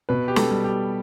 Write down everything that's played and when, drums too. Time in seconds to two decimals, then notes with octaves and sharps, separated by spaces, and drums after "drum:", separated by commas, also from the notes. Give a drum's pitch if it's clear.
0.09 B2 B4
0.28 G4
0.36 A4, drum: snare
0.51 G3
0.64 G4